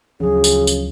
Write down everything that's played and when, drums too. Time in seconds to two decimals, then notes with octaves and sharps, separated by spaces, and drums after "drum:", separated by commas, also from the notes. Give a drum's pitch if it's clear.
0.20 D2 C#3 F3 F#3 G#4
0.44 drum: tambourine
0.67 drum: tambourine